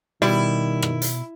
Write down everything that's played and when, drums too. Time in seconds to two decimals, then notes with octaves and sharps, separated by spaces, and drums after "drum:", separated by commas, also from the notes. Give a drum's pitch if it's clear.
0.22 B2 D#3 G3 E4
0.82 drum: rim click
1.02 drum: hi-hat